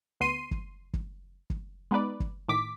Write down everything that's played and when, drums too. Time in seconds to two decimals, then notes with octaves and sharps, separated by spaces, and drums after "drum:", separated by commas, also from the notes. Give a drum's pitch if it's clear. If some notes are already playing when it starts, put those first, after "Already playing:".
0.20 D2 B3 C6 C7 D#7
0.51 drum: kick
0.94 drum: kick
1.50 drum: kick
1.91 G#3 B3 D#4 B4 D5
2.20 drum: kick
2.48 A2 D#3 D6 B6